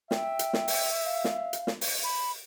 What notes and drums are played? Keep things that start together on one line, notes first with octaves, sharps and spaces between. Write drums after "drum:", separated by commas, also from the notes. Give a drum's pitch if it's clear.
E5 G5, drum: snare
drum: hi-hat
drum: snare
drum: open hi-hat
F5
drum: snare
drum: hi-hat
drum: snare
drum: open hi-hat
B5